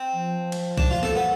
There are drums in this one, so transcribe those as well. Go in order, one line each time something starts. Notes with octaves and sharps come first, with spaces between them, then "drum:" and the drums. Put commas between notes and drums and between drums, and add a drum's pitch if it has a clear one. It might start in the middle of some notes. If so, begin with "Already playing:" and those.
Already playing: C4
F3
drum: cymbal
D4, drum: kick
F4
A4, drum: snare
B3